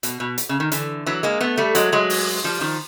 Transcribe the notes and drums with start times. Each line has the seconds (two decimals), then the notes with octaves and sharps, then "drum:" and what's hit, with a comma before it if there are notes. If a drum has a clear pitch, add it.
0.03 B2, drum: hi-hat
0.20 B2
0.38 drum: hi-hat
0.49 C#3
0.60 D#3
0.72 D3 E3, drum: hi-hat
1.06 E3 F#3
1.23 G#3 A#3
1.41 A3 B3
1.57 G3 A3
1.75 F#3 G#3, drum: hi-hat
1.92 F#3 G#3
2.10 drum: open hi-hat
2.44 F3 G3
2.61 D#3 F3